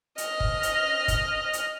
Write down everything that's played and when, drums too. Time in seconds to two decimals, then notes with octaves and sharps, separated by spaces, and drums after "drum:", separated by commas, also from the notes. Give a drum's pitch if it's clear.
0.18 D#5 F6, drum: hi-hat
0.40 drum: kick
0.63 drum: hi-hat
1.08 drum: kick, hi-hat
1.53 drum: hi-hat